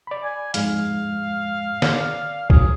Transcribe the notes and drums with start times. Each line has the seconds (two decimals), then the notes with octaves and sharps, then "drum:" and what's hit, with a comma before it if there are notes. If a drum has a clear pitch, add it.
0.07 D5 B5
0.24 G#5
0.54 F2 G#2 G#3 F5, drum: hi-hat
1.82 D5, drum: snare
2.50 F#3 G#4, drum: kick